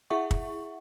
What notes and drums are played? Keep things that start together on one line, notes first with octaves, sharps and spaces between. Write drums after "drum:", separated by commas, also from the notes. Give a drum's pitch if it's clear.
E4 G#4 E5 F#5 C#6
drum: kick